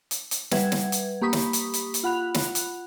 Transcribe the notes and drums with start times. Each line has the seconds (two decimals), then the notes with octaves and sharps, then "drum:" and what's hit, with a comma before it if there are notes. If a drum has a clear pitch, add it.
0.11 drum: hi-hat
0.31 drum: hi-hat
0.52 G3 B4 E5 F#5 G#6, drum: snare
0.72 drum: snare
0.92 drum: hi-hat
1.21 A#3 G4 B5 C#6 D#6 B6
1.33 drum: snare
1.53 drum: hi-hat
1.74 drum: hi-hat
1.94 drum: hi-hat
2.03 F4 F#5 B5 F#6 F7
2.35 drum: snare
2.55 drum: hi-hat